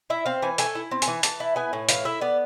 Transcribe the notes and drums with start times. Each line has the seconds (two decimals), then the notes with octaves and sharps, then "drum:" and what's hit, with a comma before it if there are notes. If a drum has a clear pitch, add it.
0.10 E4 E5
0.26 C4 F5
0.42 E3 G#5
0.58 A3 G#5, drum: hi-hat
0.75 E4
0.91 C4
1.02 G#5, drum: hi-hat
1.08 E3
1.23 E3 A5, drum: hi-hat
1.40 E4
1.56 B3 G#5
1.73 A2
1.89 E3 F5, drum: hi-hat
2.05 E4 E5
2.21 B3 D5